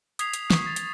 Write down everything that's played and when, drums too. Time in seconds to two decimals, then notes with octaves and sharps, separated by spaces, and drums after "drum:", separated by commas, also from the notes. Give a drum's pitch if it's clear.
0.19 D#6 G#6 B6 C7 F7, drum: hi-hat
0.34 drum: hi-hat
0.50 C#6, drum: snare
0.66 A6 F7
0.76 drum: hi-hat